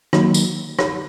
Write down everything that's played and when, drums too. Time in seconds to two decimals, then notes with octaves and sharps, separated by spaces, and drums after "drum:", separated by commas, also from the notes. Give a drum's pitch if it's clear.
0.13 D#3 F#3 A#3, drum: rim click
0.34 drum: tambourine
0.79 drum: rim click